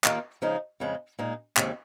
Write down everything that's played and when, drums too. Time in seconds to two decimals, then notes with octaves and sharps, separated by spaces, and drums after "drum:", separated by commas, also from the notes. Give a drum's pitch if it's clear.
0.04 D#2 D#3 A#3 F4, drum: clap
0.42 C#3 F3 G#3 D#4
0.80 F2 C#3 G#3
1.19 A#2 G#3 D#4
1.57 D#2 C#3 F3 G#3 C4, drum: clap